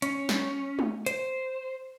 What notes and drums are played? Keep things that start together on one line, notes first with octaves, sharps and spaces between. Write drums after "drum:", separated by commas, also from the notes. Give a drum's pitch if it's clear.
C#4, drum: hi-hat
drum: snare
drum: tom G#3
C5, drum: hi-hat